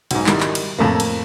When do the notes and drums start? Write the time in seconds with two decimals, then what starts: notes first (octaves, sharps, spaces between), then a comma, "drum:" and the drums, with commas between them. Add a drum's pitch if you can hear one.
0.11 B1 G#2, drum: cymbal
0.27 D#3 G3 E4, drum: clap
0.40 drum: clap
0.55 drum: cymbal
0.78 F2 A2 A3 A#3
1.00 drum: cymbal